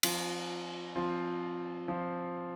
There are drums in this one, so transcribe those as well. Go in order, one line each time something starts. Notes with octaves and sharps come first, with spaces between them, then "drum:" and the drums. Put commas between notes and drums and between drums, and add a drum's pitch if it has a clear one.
F3 C4 F4 C5, drum: cymbal
F3 C4 F4 C5
F3 C4 F4 C5